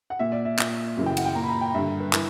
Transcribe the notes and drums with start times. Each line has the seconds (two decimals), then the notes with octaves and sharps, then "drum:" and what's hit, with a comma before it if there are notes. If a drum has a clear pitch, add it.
0.10 F#5
0.19 A#2 E5
0.32 D5
0.45 E5
0.59 A#2, drum: clap
0.97 F#2 C#3 E3
1.06 G5
1.17 F#5, drum: cymbal
1.25 G5
1.35 A#2 A#5
1.44 B5
1.49 A#5
1.61 G5
1.74 G2 D3 E5
2.00 B4
2.13 E3 B4, drum: clap